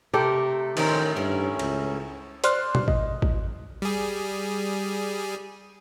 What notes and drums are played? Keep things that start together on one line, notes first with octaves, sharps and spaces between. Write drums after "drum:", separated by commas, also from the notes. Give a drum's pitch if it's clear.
C3 A3 G4 A4 A#4 G5
A2 D#3 F3 C4 C#4 A#4 E5, drum: cymbal
G2 A#4
C#2, drum: cymbal
C5 D5 C6 F6 F#6, drum: hi-hat
drum: tom B2
D#5, drum: kick A1
drum: kick A1
G3 G#4